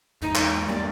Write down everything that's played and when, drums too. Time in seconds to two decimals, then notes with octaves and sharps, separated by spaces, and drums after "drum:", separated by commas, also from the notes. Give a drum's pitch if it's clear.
0.22 E2 G#2 G#3 D#4
0.36 drum: clap
0.68 E2 G3 A#3 D4 D5